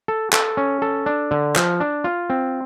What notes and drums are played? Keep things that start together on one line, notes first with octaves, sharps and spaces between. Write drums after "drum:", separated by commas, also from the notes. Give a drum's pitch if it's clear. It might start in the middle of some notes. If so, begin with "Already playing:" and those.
A4
A4, drum: clap
C#4
A4
D4
D3
F3, drum: clap
D4
F4
C4